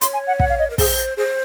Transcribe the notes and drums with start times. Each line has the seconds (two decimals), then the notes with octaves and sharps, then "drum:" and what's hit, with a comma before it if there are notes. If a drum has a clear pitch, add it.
0.01 C#5 C6, drum: hi-hat
0.14 G#5
0.27 F#5
0.40 F#5, drum: kick
0.49 F5
0.59 D#5
0.70 A#4
0.78 G#4 C5, drum: kick, open hi-hat
1.17 G#4 C5